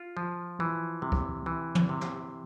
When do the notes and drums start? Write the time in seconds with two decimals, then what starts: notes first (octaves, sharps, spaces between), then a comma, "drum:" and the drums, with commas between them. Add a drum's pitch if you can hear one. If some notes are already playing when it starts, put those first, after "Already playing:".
Already playing: F4
0.17 F3
0.60 E3
1.02 C3
1.12 drum: kick C#2
1.46 E3
1.75 drum: tom
1.89 C3
2.01 drum: snare